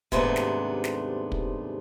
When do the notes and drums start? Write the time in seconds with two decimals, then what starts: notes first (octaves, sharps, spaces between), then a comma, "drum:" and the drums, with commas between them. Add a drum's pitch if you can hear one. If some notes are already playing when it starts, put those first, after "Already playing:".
0.12 D#2 G#2 C3 A3 B3 D4, drum: kick
0.36 drum: snare
0.84 drum: snare
1.32 drum: kick